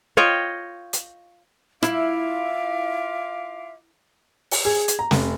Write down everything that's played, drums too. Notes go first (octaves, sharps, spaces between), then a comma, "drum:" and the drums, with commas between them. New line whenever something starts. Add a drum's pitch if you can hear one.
F4 C#5 D#5 G5
drum: hi-hat
E4 F4 E5 F5 D6, drum: rim click
drum: open hi-hat
G#4
drum: hi-hat
A#5
F1, drum: snare